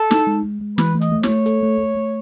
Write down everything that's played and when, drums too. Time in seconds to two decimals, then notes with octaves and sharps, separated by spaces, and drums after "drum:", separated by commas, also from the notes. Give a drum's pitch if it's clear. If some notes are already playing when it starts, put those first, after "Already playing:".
Already playing: A4
0.11 D#4, drum: snare
0.27 G#3
0.44 G#3
0.61 G#3
0.78 E3 B4, drum: snare
0.95 A3
1.01 D#5, drum: hi-hat
1.12 A3
1.23 C#5, drum: snare
1.29 A3
1.46 A4, drum: hi-hat
1.63 A3
1.80 A3
1.97 A3